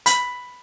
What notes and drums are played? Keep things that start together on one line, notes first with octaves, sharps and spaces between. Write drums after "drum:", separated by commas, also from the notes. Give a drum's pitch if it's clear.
B5, drum: hi-hat